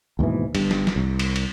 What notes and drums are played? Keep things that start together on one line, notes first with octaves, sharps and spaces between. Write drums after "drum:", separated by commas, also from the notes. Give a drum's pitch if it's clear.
D#2 G#2 B2 E3
G1 G2, drum: cymbal
drum: snare
drum: snare
C2
drum: cymbal
drum: cymbal